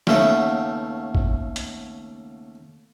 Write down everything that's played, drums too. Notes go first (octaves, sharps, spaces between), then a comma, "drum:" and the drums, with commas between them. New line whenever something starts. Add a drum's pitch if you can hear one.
D#2 C#3 A3 B3, drum: snare
drum: kick
drum: hi-hat